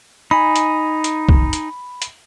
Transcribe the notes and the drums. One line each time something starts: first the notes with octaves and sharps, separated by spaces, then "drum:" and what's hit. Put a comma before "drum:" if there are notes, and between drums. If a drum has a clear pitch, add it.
D#4 G#5 B5
drum: hi-hat
drum: hi-hat
drum: kick C2
drum: hi-hat
drum: hi-hat